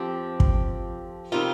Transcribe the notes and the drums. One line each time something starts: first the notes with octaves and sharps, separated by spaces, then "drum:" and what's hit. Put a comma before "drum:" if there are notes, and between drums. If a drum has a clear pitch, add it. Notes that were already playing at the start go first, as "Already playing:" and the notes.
Already playing: F2 F3 C4 G4
drum: kick
C3 D#3 G3 D#4 F4